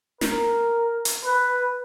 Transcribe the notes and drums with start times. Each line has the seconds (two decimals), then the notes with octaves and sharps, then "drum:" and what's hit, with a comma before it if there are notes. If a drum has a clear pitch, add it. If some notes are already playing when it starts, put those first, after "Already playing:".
0.21 A#4, drum: snare
1.05 drum: hi-hat
1.24 B4